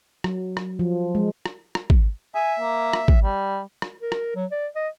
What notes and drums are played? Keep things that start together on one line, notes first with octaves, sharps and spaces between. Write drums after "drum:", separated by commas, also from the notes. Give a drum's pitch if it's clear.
F#3, drum: rim click
drum: rim click
F3
G#3
drum: rim click
drum: rim click
drum: kick G#1
E5 G#5
A#3
drum: rim click
drum: kick G#1
G3
drum: rim click
A#4
drum: rim click
F#3
D5
D#5